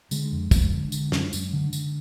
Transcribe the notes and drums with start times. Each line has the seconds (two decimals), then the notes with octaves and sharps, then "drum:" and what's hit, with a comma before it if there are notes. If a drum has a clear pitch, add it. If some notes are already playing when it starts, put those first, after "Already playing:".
0.11 D3 G#3, drum: tambourine
0.32 F2
0.51 F2, drum: kick, tambourine
0.71 D3
0.92 D3, drum: tambourine
1.12 F#2, drum: snare
1.33 F#2, drum: tambourine
1.53 D3
1.73 D3, drum: tambourine